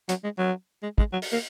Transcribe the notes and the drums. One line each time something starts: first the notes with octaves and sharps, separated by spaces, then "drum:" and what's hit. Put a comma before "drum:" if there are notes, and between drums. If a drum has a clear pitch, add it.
F#3, drum: hi-hat
G#3
F#3
G#3
G#3, drum: kick
F#3
drum: open hi-hat
A#3